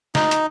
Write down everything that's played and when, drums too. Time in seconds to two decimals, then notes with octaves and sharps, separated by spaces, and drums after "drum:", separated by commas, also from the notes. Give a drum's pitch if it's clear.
0.15 D#4, drum: snare
0.31 drum: hi-hat